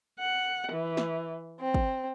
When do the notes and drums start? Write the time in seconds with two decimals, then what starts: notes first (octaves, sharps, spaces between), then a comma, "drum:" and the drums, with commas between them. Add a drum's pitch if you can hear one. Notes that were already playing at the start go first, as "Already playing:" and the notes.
0.20 F#5
0.72 E3
0.97 drum: snare
1.59 C4
1.74 drum: kick